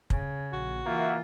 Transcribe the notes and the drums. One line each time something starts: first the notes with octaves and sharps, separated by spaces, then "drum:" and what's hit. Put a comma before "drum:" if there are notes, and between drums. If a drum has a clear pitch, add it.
C#3, drum: kick
A#1 F#4
E3 A#3 F4 A#4 E5 F#5